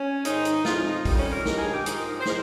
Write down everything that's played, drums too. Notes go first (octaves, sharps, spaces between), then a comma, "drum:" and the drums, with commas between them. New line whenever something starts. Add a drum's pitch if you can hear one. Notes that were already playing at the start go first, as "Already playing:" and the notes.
Already playing: C#4
G#2 D#3 G#3 D#4, drum: hi-hat
drum: hi-hat
F2 C3 F3 F4, drum: snare
D#4
F2 D#3 G3, drum: kick, open hi-hat
C#4
A#4
G2 D#3 G#3 A#4, drum: snare
G#4
G4
G#2 F3 G#3 D#4, drum: hi-hat
A#4
C5
F3 G#3 A#4, drum: snare